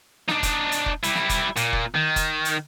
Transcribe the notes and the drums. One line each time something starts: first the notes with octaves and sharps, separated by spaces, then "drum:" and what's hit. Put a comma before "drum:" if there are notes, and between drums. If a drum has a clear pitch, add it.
D4 D#4, drum: snare
drum: kick F1, hi-hat
drum: hi-hat
drum: kick F1
G3 E4, drum: hi-hat
drum: snare
drum: kick F1, hi-hat
A#2, drum: hi-hat
drum: kick F1
D#3
drum: kick F1, hi-hat
drum: hi-hat